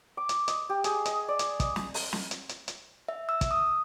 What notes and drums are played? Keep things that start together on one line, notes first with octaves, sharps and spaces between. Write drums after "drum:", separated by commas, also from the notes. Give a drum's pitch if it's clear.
D6
drum: hi-hat
D#5, drum: hi-hat
G4
G#4, drum: hi-hat
D#5, drum: hi-hat
D5
drum: hi-hat
D#5, drum: kick, hi-hat
drum: snare
drum: open hi-hat
drum: snare
drum: hi-hat
drum: hi-hat
drum: hi-hat
E5
E6
drum: kick, hi-hat
D#6